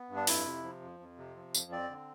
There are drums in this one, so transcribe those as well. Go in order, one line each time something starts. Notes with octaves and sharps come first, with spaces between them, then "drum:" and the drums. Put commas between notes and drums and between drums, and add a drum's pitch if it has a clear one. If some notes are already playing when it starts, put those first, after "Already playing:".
Already playing: B3
G2
D4
F2 E4, drum: open hi-hat
C3
F3
F2
F2
C3
F3
F2, drum: tambourine
C4 D5
D3